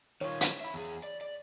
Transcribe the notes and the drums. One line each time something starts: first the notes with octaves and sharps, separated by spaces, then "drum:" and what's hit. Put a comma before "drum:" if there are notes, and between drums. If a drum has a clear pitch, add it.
D#3 F4 C#5
drum: hi-hat
E5 B5
E2 G#4
D5
D5